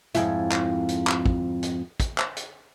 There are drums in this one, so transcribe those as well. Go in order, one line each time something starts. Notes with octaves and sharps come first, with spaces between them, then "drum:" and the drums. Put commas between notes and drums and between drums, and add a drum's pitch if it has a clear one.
F2 G#2 E4, drum: hi-hat
drum: clap
drum: hi-hat
drum: clap
drum: kick
drum: hi-hat
drum: kick, hi-hat
drum: clap
drum: hi-hat